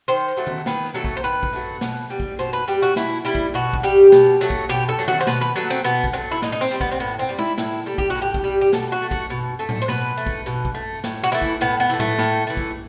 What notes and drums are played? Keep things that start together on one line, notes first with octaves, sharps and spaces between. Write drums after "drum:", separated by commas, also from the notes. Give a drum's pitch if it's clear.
D#3 C5
F#3 A3
drum: tom D#3
D#3 B4, drum: snare
F#3 A3 A4
drum: kick
C5
D#3 B4
drum: kick
F#3 A3
B2, drum: snare
G3
drum: kick
B2 C5
B4
G3 G4
F#4
B2 E4, drum: snare
G3 E4
drum: kick
B2 F#4
drum: kick
G3 G4
B2, drum: snare
F#3 A3
drum: kick
B2 G4
A4
F#3 A3
F#4, drum: tom D#3
C5
B2 B4, drum: snare
B4
F#3 A3 B4
C4
B2 B3
drum: kick
F#3 A3 C4
E4
A2 D#4, drum: snare
D#4
C4
G3
B3, drum: kick
C4
A2 B3
C4
G3
E4, drum: tom G#3
A2 E4, drum: snare
G3 A4
G4, drum: kick
F#4
A2
G4
drum: kick
G3
G4
B2 A4, drum: snare
F#4
A3
F#4, drum: kick
B2
A3 A4
drum: tom A2
C5
B2 B4, drum: snare
A3
drum: kick
B2
drum: kick
A3
A2, drum: snare
F#4
E3 A3 E4
drum: kick
A2 B3
B3
E3 A3
A3, drum: tom A2
A2, drum: snare
E3 A3
drum: kick